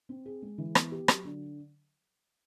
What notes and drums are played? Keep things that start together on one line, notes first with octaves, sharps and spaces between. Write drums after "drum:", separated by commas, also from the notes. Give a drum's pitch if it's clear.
C4
G#4
G#3
E3
B3, drum: rim click
G4
F#3, drum: rim click
D3